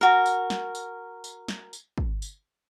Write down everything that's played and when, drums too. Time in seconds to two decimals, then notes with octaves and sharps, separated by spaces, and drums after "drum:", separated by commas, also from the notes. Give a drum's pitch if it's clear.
0.01 F#4 A#4
0.26 drum: tambourine
0.50 drum: snare
0.75 drum: tambourine
1.24 drum: tambourine
1.48 drum: snare
1.73 drum: tambourine
1.98 drum: kick
2.22 drum: tambourine